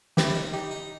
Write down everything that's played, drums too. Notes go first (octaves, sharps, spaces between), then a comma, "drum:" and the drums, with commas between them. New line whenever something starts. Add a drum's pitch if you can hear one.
E4 G4, drum: snare
C#4
D#4
D#4 G4
D#4